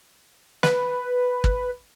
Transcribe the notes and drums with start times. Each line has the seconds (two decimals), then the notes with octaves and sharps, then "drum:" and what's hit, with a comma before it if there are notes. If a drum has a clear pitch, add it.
0.63 B4, drum: snare
1.44 drum: kick